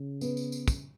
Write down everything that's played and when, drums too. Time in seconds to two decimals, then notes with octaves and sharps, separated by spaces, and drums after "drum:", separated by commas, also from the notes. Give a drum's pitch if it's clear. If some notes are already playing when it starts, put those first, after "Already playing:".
Already playing: C#3
0.21 B3, drum: tambourine
0.37 drum: tambourine
0.52 drum: tambourine
0.68 drum: kick, tambourine